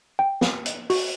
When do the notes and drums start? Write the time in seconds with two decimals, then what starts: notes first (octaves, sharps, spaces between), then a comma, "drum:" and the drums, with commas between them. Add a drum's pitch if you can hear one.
0.19 G5
0.41 drum: snare
0.66 drum: hi-hat
0.90 F#4, drum: open hi-hat